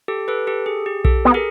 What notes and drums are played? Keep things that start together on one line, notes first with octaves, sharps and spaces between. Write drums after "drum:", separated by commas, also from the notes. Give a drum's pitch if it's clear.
G4 A4
A4 B4
G4 A4
G#4
G4
G4 A4, drum: kick B1
B3
G#4 A#4